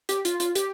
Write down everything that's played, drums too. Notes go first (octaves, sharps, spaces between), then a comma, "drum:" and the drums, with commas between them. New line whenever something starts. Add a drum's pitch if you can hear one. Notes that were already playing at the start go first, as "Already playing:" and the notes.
G4, drum: hi-hat
F4, drum: hi-hat
F4, drum: hi-hat
G4, drum: hi-hat